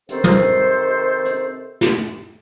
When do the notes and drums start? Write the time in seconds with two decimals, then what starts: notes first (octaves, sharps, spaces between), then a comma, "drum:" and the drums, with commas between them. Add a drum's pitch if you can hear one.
0.09 C3 D#3 C4 A4 C5, drum: hi-hat
0.24 drum: tom
1.25 drum: hi-hat
1.81 drum: snare